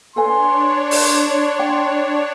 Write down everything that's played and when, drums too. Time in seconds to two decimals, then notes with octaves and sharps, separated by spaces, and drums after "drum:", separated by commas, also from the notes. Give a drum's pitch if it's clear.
0.16 D4 A4 B4 C#5 G#5 C6
0.91 drum: open hi-hat
1.59 G5